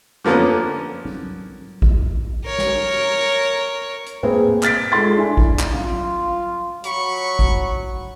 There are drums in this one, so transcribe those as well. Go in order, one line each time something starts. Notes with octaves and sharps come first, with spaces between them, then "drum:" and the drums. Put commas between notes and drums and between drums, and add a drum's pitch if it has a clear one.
D3 F3 A#3 B3 C#4
drum: tom
drum: kick G#1
A#4 C#5
drum: snare
drum: hi-hat
A#3 C4 G#4 B4, drum: tom A2
F6 A6 B6 D7, drum: clap
G#3 F4 A4 C6 A6
D4 E4 G#5
drum: kick G#1
drum: clap
F4, drum: tom
F#3 B5 C#6, drum: hi-hat
drum: kick G#1